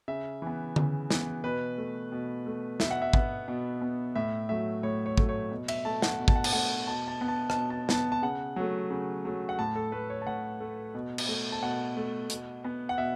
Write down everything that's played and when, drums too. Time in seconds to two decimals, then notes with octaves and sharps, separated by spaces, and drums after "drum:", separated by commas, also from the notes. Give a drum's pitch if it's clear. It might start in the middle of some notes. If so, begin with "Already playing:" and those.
0.08 C#3 E5
0.42 E3 B3
0.76 C#3, drum: tom D3
1.11 E3 B3, drum: snare
1.44 B2 B4
1.78 A3
2.12 B2
2.46 A3
2.80 B2 E5, drum: snare
2.91 F#5
3.02 E5
3.13 B3, drum: kick
3.48 B2
3.81 B3
4.15 A2 E5
4.49 F#3 A3 E5
4.83 A2 C#5
5.06 C#5
5.18 F#3 A3, drum: kick
5.29 C#5
5.51 B2
5.68 E5, drum: cymbal
5.85 A3 A5
6.02 F#5, drum: snare
6.19 B2
6.28 A5, drum: kick
6.36 F#5
6.44 A5, drum: cymbal
6.53 A3 F#5
6.87 B2 A5
7.08 A5
7.21 B3
7.28 A5
7.50 A5, drum: rim click
7.55 B2
7.70 A5
7.89 B3 A5, drum: snare
8.12 A5
8.22 C#3 F#5
8.56 F#3 A3
8.90 C#3
9.25 F#3 A3
9.49 F#5
9.59 A2 A5
9.76 A4
9.92 A3 B4
10.10 C#5
10.22 A5
10.27 A2 F#5
10.60 A3
10.94 B2
11.18 drum: cymbal
11.28 A3
11.52 A5
11.63 B2 F#5
11.96 A3
12.30 B2, drum: hi-hat
12.64 B3
12.89 F#5
12.98 B2 E5